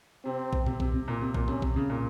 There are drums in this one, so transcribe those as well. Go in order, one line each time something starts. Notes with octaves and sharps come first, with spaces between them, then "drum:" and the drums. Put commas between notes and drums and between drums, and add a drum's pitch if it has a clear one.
C3 C4
drum: kick A#1
C3, drum: tom A#2
C3, drum: kick A#1
C3
A#2
C3
A#2, drum: kick A#1
C3 C#4, drum: tom A#2
C3, drum: kick A#1
C#3
A#2